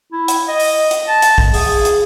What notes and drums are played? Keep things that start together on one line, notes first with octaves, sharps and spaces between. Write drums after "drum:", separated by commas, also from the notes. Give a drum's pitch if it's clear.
E4
drum: hi-hat
D#5
drum: open hi-hat
drum: hi-hat
A5
drum: hi-hat
drum: kick A#1
G#4, drum: open hi-hat
drum: hi-hat